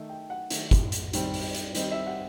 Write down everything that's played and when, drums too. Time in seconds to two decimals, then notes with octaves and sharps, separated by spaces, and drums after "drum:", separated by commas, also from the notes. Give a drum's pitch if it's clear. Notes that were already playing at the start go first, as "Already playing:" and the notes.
Already playing: D#3 A3 D#4
0.09 G5
0.30 F#5
0.50 D#3 A3 D#4, drum: hi-hat
0.71 drum: kick, hi-hat
0.92 drum: hi-hat
1.13 D#3 G3 C4, drum: hi-hat
1.34 drum: open hi-hat
1.55 drum: hi-hat
1.75 D#3 G3 C4 D#5, drum: hi-hat
1.91 E5
2.06 F#5